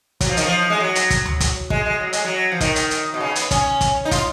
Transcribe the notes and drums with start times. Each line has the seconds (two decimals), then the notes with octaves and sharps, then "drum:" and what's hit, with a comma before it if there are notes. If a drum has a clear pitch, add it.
0.21 F#3, drum: kick, hi-hat
0.29 F3
0.37 D#3, drum: hi-hat
0.45 F3
0.70 G#3
0.80 F#3
0.95 drum: hi-hat
1.10 drum: kick, hi-hat
1.25 drum: tom D2
1.40 drum: kick, hi-hat
1.70 G#3, drum: kick
1.86 G#3
2.00 F#3
2.13 G#3, drum: hi-hat
2.24 F#3
2.52 F3
2.61 D#3, drum: kick, hi-hat
2.76 drum: hi-hat
2.91 drum: hi-hat
3.14 B2
3.20 C#3
3.35 B3, drum: hi-hat
3.51 C#4, drum: kick, hi-hat
3.81 drum: kick, hi-hat
4.05 D#4
4.11 F4, drum: kick, hi-hat